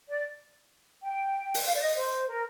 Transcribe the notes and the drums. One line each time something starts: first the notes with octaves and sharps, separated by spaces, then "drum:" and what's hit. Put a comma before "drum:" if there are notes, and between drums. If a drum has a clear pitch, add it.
D5
G5
drum: open hi-hat
F5
D5
D#5
C5
A#4